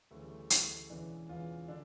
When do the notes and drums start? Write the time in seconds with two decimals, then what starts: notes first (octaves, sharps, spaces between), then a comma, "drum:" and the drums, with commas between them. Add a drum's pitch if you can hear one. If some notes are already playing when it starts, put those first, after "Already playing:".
0.11 D2 C#3 E3 A3
0.22 G3
0.31 A3
0.50 D2 C#3 E3 A3, drum: hi-hat
0.90 E1 E2 C#3 E3 D4
1.29 E1 E2 C#3 E3 F4
1.68 D3 D4